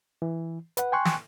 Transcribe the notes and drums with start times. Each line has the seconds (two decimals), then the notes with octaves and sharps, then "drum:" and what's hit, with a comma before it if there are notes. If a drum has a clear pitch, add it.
0.22 E3
0.77 B4 F#5, drum: hi-hat
0.92 G5 G#5 C6 C#6 F#6
1.05 drum: snare